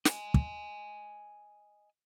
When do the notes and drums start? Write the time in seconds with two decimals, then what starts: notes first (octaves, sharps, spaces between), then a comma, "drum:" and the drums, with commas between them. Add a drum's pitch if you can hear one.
0.05 D#5 G#5, drum: snare
0.34 drum: kick